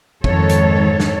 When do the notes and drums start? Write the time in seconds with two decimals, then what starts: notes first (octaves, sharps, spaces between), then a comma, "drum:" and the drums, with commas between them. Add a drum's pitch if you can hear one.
0.24 F2 G#2 D#3 A4 C#5, drum: kick
0.49 drum: hi-hat
1.00 drum: snare